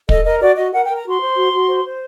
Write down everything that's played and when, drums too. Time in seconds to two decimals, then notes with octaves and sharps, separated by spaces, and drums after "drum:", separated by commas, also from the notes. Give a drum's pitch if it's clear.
0.09 A4 D#5, drum: kick
0.25 A#4 D#5
0.41 F#4 D5
0.57 F#4 D#5
0.73 A#4 F#5
0.85 G5
0.89 A#4
0.97 A#5
1.05 F#4 C6
1.20 C5
1.36 F#4
1.53 F#4
1.69 C5
1.85 C5